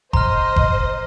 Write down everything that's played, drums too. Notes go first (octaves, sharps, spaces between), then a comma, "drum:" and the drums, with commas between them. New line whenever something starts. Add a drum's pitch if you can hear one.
C5 D#5 A#5 C6 F6, drum: kick F#1
drum: kick F#1